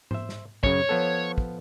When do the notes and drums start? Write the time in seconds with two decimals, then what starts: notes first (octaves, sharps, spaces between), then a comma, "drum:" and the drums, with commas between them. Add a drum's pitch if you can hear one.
0.11 C5 E5, drum: tom G#2
0.29 drum: snare
0.64 F#2 C#3 C#5, drum: kick
0.89 F3 B3 A4
1.38 drum: kick